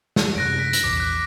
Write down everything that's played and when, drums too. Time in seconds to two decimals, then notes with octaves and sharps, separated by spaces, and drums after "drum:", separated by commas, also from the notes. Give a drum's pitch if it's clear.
0.16 drum: snare
0.36 F#2 C3 F#6 A#6 D7
0.59 B6
0.73 drum: hi-hat
0.84 A#1 E2 F3 D6
1.00 F#6